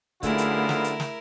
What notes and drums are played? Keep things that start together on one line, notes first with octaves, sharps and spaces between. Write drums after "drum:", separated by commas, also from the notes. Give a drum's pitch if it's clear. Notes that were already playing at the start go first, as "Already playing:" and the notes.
F#2 D3 A3 B3 E4 F4 G#4 A#4, drum: kick, hi-hat
drum: hi-hat
drum: snare
drum: hi-hat
drum: snare